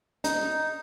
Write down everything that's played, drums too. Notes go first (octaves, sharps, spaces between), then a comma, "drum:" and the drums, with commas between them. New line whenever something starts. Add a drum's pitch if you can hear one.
D#4, drum: hi-hat